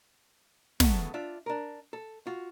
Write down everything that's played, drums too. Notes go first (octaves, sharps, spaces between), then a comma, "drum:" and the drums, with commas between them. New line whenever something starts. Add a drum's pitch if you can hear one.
A2 C#3 F#3 A3 B3, drum: snare
D4 F4 E5
D4 A#4
A4
F4 F#4